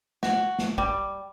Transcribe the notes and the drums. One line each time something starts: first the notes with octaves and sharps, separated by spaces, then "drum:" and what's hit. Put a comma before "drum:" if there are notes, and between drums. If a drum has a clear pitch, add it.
F#4, drum: snare
drum: snare
G3, drum: kick